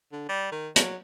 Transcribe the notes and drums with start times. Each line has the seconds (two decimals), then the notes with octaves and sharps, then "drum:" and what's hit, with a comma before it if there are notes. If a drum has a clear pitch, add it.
0.13 D3
0.29 G3
0.52 D#3
0.76 F#3, drum: hi-hat